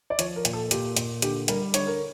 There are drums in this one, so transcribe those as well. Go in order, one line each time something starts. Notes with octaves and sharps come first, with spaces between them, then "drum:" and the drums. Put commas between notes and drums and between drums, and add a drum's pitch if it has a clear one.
D5
F3 C#5, drum: hi-hat
A#4
A#2, drum: hi-hat
A4
A#2 G4, drum: hi-hat
A#2, drum: hi-hat
D3 G4, drum: hi-hat
G3 A#4, drum: hi-hat
D3 C#5, drum: hi-hat
A#4